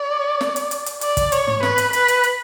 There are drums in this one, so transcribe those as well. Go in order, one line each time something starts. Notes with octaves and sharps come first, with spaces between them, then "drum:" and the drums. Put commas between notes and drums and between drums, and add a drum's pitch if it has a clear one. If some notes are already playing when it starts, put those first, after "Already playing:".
Already playing: D5
drum: snare
drum: hi-hat
drum: hi-hat
drum: hi-hat
D5, drum: hi-hat
drum: kick, hi-hat
C#5, drum: hi-hat
drum: tom G#2
B4, drum: snare
drum: hi-hat
B4, drum: hi-hat
drum: hi-hat
drum: hi-hat